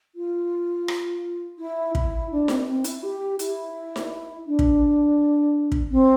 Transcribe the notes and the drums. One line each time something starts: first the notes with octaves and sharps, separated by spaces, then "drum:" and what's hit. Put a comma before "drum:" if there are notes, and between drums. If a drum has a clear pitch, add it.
F4
drum: rim click
E4
E4, drum: kick
D4
C4, drum: snare D#4
C4
E4, drum: hi-hat
G4
E4, drum: hi-hat
drum: snare D#4
D4
drum: kick
drum: kick
C4